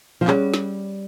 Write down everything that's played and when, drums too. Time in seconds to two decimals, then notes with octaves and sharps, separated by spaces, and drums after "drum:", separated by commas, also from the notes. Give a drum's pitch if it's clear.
0.21 F3
0.27 G3 C#4 G#4 C#5, drum: clap
0.54 drum: snare